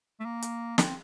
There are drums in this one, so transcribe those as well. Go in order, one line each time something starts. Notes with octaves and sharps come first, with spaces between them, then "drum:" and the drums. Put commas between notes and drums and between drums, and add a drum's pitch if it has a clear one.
A3
A#3
drum: hi-hat
C4, drum: snare